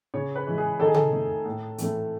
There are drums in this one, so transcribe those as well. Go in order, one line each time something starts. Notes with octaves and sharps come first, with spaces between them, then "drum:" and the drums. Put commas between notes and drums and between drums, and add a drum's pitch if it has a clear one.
C#3 C#5
B4
E3 G#3
G#4
D#3 A4
G#4
A4, drum: tom C#3
A3
A2
E3 A3, drum: hi-hat